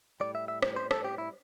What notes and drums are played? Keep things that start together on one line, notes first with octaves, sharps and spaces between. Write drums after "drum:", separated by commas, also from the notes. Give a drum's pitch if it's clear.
A2 G3 D5
E5
E5
drum: rim click
C5
A4, drum: rim click
G4
E4